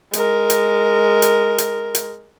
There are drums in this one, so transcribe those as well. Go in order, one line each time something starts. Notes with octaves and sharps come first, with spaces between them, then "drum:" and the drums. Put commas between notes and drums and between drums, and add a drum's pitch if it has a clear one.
G#3 A#4, drum: hi-hat
drum: hi-hat
drum: hi-hat
drum: hi-hat
drum: hi-hat